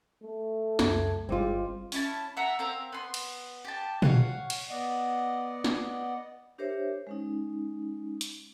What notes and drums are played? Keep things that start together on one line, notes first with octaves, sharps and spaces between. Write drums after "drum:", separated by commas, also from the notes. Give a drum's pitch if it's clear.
A3
C#2 F#2 G#6, drum: snare
G1 G3 G#3 C4 F4
C#4 E4 A5, drum: open hi-hat
E5 F#5 A#5
C4 A#4 F5 A#5
B3 C6
drum: cymbal
G4 A5
C#5 F5 F#5, drum: tom A#2
drum: cymbal
B3 D5 D#5 F#5
drum: snare
D4 G4 A#4 C5 C#5 E5
G#3 C#4 D#4
drum: hi-hat